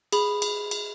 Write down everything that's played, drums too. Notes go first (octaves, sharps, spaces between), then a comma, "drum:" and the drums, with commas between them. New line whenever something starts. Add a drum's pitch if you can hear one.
G#4 B5 F#7, drum: cymbal
drum: cymbal
drum: cymbal